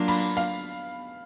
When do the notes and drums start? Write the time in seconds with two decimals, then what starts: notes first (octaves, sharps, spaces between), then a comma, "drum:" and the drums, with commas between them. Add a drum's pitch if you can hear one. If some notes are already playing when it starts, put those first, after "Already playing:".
Already playing: F#3 A#3 D4 F4
0.08 B5, drum: cymbal
0.37 F5, drum: hi-hat